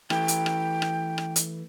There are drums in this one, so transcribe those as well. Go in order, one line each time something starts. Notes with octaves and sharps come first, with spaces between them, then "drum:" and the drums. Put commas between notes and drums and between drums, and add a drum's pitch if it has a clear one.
E3 A3 G5, drum: rim click
drum: hi-hat
drum: rim click
drum: rim click
drum: rim click
drum: hi-hat